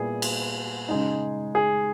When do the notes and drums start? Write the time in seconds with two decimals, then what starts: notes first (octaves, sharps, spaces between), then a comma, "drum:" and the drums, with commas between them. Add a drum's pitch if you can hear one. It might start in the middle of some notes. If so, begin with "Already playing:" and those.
Already playing: A#2 G3 B3 E4 G#4
0.22 drum: cymbal
0.89 C#3 G#3 D#4
1.55 G#4